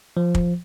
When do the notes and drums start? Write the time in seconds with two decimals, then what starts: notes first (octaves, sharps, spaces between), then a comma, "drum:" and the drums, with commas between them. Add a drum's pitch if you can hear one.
0.17 F3
0.35 drum: kick